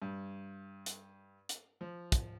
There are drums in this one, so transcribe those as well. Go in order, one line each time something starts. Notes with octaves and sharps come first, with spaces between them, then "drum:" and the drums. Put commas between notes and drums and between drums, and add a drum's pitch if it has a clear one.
G2
drum: hi-hat
drum: hi-hat
F3
drum: kick, hi-hat